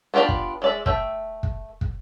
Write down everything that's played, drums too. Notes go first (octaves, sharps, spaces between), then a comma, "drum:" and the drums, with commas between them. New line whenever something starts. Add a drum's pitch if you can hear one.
B3 D4 F4 G4 D5
drum: kick
G#3 D5 E5
A3 E5 G5, drum: kick
drum: kick
drum: kick